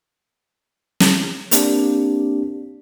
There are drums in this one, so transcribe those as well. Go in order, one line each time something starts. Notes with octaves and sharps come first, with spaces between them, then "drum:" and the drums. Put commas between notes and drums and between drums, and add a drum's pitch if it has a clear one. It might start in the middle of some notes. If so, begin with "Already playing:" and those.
drum: snare
A#3 C4 D4 G4, drum: hi-hat